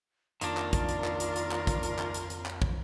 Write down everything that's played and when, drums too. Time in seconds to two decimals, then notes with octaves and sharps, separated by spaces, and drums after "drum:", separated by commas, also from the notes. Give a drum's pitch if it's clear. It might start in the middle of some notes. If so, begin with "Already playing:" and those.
0.41 F2 D#3 A#3 D4 F4 A#4 D5, drum: hi-hat
0.57 drum: clap
0.73 drum: kick, hi-hat
0.89 drum: hi-hat
1.04 drum: clap
1.20 drum: hi-hat
1.36 drum: hi-hat
1.52 drum: clap
1.67 drum: kick, hi-hat
1.83 drum: hi-hat
1.99 drum: clap
2.14 drum: hi-hat
2.30 drum: hi-hat
2.46 drum: clap
2.62 drum: kick